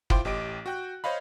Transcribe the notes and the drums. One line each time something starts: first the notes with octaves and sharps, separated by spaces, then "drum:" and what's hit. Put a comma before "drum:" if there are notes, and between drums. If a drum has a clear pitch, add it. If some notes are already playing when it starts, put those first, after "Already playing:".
E4 F4 C5 G5 C6 D6, drum: kick
A1 G4 D#5 D6 D7
F#4 G5 F#6
C5 C#5 D#5 F5 B5